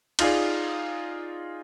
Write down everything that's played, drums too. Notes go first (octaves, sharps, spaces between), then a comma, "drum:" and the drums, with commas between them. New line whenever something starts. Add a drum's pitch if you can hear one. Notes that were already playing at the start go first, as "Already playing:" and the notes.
D#4 F4 G#4 D5, drum: cymbal